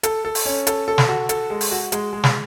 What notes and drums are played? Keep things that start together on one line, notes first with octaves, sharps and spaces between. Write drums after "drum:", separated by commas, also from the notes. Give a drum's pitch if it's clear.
A4, drum: hi-hat
A4
drum: open hi-hat
C#4
A4, drum: hi-hat
A4
drum: snare
F#4
A4, drum: hi-hat
G#3
drum: open hi-hat
F#4
G#3, drum: hi-hat
G#3
drum: snare